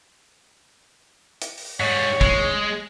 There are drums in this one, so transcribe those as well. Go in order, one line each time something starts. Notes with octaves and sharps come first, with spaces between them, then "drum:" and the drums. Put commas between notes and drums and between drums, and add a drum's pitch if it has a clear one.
drum: hi-hat
drum: open hi-hat
G#2 G3 C#5
G#3, drum: kick